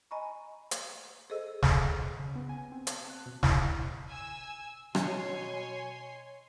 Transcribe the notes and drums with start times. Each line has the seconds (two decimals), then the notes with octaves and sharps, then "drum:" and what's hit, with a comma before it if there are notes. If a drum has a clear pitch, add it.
0.11 D#5 G#5 A#5 B5 C#6
0.71 drum: hi-hat
1.30 G#4 A4 C5 D#5 E6
1.63 drum: snare
2.20 C#3
2.35 B3
2.49 G#5
2.72 C4
2.87 A5, drum: hi-hat
3.10 F#6
3.26 B2
3.43 E4, drum: snare
4.08 G#5 E6
4.95 B2 C#5 G#5 C6, drum: rim click